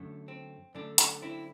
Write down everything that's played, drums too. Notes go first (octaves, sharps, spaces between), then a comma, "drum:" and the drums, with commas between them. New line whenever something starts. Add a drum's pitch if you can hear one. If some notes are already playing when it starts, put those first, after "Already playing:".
Already playing: F#2 D3 A3
C4
F#2 D3 A3 D4
D4, drum: hi-hat
C4 E4